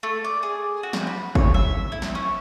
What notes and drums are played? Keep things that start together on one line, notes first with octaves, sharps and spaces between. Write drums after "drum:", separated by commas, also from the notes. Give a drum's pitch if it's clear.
A3
D5
G#4
F#4
drum: snare
B5
C#5, drum: kick
E5
E4
drum: snare
C#4